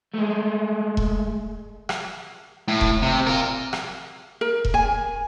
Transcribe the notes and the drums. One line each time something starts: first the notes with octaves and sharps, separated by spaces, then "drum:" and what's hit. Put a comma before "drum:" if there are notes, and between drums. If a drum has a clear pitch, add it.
G#3 A3
drum: kick E1
drum: rim click
A2
drum: kick E1
C3
F4 A#4
drum: rim click
A#4
drum: kick E1
G#5